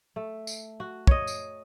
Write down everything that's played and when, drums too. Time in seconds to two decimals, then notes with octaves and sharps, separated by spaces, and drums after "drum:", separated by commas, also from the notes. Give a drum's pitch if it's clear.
0.16 A3
0.47 drum: tambourine
0.80 F#4
1.07 C#5 D#5, drum: kick
1.27 drum: tambourine